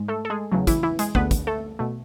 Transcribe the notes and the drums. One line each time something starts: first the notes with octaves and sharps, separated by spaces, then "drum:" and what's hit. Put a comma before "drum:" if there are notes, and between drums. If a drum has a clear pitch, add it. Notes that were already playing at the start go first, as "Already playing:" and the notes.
Already playing: G#2 G#3
A3 A4
A4
G#3 G#4
E2 C#3 F#3 A3
E3 E4, drum: kick, hi-hat
E3 E4
G#3 G#4, drum: hi-hat
D2 D3 A3 B3 B4, drum: kick
drum: kick, hi-hat
A3 A4
B2 A3